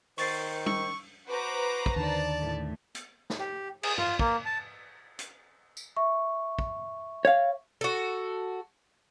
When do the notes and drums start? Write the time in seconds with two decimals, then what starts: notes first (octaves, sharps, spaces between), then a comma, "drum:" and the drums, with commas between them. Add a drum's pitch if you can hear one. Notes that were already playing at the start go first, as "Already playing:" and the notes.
0.18 D#3 C5 C#6 A6 C7, drum: open hi-hat
0.66 C#6 E6, drum: tom G3
1.27 F#4 B4 C5 A#5 D6
1.86 drum: kick
1.96 D#2 D3 D#3 D5 A5
2.39 A2
2.95 drum: hi-hat
3.30 drum: snare
3.39 G4
3.83 G#4, drum: cymbal
3.98 F4, drum: tom
4.19 A#3, drum: kick
4.45 A5
5.19 drum: hi-hat
5.77 drum: tambourine
5.97 E5 C#6
6.59 drum: kick
7.25 C#5 F5
7.81 F#4 A4